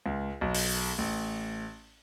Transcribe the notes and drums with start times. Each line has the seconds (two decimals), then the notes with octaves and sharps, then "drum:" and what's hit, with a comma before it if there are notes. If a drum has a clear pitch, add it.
0.06 C#2
0.41 B1
0.55 drum: open hi-hat
0.98 A1